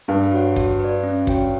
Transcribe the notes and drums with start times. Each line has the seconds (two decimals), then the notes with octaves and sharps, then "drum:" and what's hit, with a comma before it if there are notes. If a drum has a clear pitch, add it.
0.08 G2 D4
0.32 F#4 C#5 F#5
0.56 F#4, drum: kick
0.79 B4 D5
1.03 C#4
1.27 F#4 C#5 G5, drum: kick